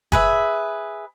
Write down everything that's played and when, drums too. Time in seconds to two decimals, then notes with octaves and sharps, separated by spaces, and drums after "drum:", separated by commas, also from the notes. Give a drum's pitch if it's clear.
0.12 G#4 B4 E5, drum: kick F#1